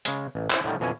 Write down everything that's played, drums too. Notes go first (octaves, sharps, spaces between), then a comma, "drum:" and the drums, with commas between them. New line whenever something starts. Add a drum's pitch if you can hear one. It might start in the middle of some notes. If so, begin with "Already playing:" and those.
C#3 G#3, drum: hi-hat
A1
C4 C#4 E4 C5, drum: clap
A2 D3 D#3 G3
F2 B2 E3 C#4 G#5